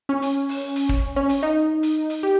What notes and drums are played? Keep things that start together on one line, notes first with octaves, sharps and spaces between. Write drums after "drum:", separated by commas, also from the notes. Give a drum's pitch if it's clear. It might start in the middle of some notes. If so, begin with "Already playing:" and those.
C#4
drum: hi-hat
drum: open hi-hat
drum: hi-hat
drum: kick
C#4
drum: hi-hat
D#4
drum: hi-hat
drum: hi-hat
G4